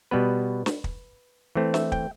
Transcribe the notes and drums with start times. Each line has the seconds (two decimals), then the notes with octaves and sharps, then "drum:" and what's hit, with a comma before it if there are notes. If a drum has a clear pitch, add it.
0.11 B2 G3 B3 B4
0.66 drum: snare
0.84 drum: kick
1.55 E3 A3 C4
1.74 E5, drum: snare
1.92 G5, drum: kick